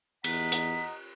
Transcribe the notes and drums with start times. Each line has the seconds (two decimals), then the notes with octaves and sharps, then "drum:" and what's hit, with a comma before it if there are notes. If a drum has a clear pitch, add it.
0.24 E2 D#5 F#5 A#5 B6, drum: cymbal
0.52 drum: hi-hat